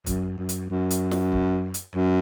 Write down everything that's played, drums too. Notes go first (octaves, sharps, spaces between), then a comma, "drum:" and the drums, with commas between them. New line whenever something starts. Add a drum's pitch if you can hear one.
F#2, drum: kick, hi-hat
F#2
drum: hi-hat
F#2
drum: hi-hat
drum: snare
drum: kick
drum: hi-hat
F#2